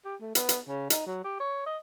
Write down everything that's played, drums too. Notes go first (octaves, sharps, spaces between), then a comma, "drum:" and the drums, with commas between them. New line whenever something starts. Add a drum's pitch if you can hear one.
G4
A3
B3, drum: hi-hat
drum: hi-hat
C#3
D#4, drum: hi-hat
F#3
G4
C#5
D#5